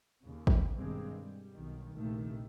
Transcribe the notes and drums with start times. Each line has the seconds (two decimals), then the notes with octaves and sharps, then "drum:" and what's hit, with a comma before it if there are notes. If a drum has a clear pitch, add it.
0.23 D#2 C#3
0.47 drum: kick G#1
0.75 G2 B2 D#3 G#3 C4
1.19 G3
1.53 B1 D#3
1.93 A#1 D#2 C3 D#3 A3